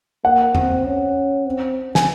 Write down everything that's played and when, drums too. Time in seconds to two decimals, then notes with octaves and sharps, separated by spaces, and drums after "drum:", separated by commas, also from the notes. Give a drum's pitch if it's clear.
0.24 A#3 F#5
0.55 C4, drum: tom E2
0.85 C#4
1.46 C4
1.95 G#5, drum: snare